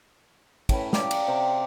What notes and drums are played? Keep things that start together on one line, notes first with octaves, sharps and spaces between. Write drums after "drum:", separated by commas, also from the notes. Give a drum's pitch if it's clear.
A2 C#4 B4, drum: kick, cymbal
G4 A#4 D5 F5, drum: snare
drum: cymbal
C3